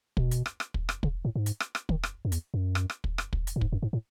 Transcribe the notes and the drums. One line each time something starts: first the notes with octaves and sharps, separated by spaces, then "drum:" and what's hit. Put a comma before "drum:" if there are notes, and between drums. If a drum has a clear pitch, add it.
B2, drum: kick
drum: hi-hat
drum: rim click
drum: rim click
drum: kick
drum: rim click
C#3, drum: kick
A2
G#2
drum: hi-hat
drum: rim click
drum: rim click
D#3, drum: kick
drum: rim click
F#2
E2, drum: hi-hat
F#2
drum: rim click
drum: rim click
drum: kick
drum: rim click
drum: kick
drum: hi-hat
A2
G#2, drum: kick
F#2
G#2
A2